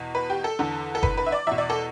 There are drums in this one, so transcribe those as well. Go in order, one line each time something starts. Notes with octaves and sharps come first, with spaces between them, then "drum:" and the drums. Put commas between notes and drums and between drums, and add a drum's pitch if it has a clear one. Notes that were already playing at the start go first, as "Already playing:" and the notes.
Already playing: E2 B2
B4
G4
A4
E2 D3
A4
B4, drum: kick F#1
B4
E5
D5
E2 B2 E5
D5
A4